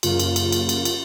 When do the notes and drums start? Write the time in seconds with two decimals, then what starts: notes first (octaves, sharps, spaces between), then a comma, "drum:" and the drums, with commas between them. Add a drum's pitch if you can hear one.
0.03 F#2 C#3 A#3 F4, drum: cymbal
0.19 drum: cymbal
0.36 drum: cymbal
0.52 drum: cymbal
0.69 drum: cymbal
0.85 drum: cymbal